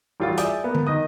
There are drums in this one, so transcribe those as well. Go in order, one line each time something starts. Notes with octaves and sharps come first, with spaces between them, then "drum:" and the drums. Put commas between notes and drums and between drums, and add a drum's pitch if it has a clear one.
A1 G3 F4 F#4 A6
G#4 D5 E5 D#6 G6, drum: hi-hat
A#3 B3
drum: tom D3
D#3 D#5 D#6